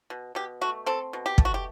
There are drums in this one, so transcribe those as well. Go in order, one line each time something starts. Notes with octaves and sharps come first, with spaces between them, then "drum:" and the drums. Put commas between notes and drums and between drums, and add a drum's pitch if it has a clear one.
B2
B2 G4
A3 F#4
C4 A4
B2
G4
A3, drum: kick
F#4
G4